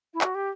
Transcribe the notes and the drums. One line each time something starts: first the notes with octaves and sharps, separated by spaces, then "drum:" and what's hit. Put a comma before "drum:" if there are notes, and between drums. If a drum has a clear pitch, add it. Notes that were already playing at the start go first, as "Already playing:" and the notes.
E4
F#4, drum: clap
G4